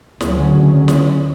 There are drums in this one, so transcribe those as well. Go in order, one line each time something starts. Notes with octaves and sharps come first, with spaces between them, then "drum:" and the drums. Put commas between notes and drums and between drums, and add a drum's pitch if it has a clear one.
D2 C#3 F#3 C#4, drum: snare
drum: snare